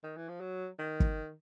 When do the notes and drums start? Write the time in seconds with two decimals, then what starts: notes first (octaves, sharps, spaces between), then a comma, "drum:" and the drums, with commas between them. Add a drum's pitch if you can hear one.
0.04 D#3
0.17 E3
0.29 F3
0.40 F#3
0.79 D#3
1.00 drum: kick